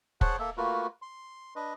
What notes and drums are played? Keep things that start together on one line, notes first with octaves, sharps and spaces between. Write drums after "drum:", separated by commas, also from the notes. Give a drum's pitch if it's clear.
G#4 C5 C#5 F#5 A5 F#6, drum: kick
A#3 A4 E5
A3 A#3 F4 F#4 A#4 B4
C6
D4 B4 D#5